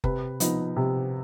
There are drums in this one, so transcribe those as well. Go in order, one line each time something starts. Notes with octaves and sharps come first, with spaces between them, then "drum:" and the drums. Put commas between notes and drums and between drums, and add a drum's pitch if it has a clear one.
C3 B4, drum: kick F#1
F3 B3 D#4, drum: hi-hat
C3